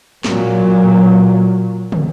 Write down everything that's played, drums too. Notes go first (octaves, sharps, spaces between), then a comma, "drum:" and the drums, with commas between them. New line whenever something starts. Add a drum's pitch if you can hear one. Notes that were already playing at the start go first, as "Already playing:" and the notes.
A#2 F#3, drum: snare
drum: tom